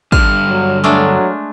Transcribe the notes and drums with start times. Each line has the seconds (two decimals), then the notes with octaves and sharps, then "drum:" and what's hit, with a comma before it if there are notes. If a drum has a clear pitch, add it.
0.12 G2 D3 F6, drum: kick
0.47 F#3
0.84 F#3 G#3 A3 D4